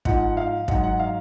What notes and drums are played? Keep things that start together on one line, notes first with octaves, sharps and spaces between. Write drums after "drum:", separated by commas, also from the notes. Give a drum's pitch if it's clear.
G#2 F3 F#5, drum: kick
F5
G#2 F#3 F#5, drum: kick
F#5
F5